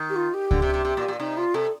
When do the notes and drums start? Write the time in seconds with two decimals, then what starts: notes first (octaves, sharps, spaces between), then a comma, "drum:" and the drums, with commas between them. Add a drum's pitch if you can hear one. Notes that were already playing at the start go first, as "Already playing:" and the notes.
Already playing: D#3
0.09 G4
0.16 F4
0.34 G4
0.51 D3, drum: kick C#2
0.62 C3
0.74 C3
0.85 C3
0.97 A#2
1.08 A#2
1.20 C3 D#4
1.37 F4
1.54 C3 A4